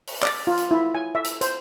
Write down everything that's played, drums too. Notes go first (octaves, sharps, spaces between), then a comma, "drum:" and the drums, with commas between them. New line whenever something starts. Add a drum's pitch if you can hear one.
drum: open hi-hat
D5, drum: clap
F4
drum: hi-hat
E4
G#5
E5
drum: hi-hat
C5, drum: hi-hat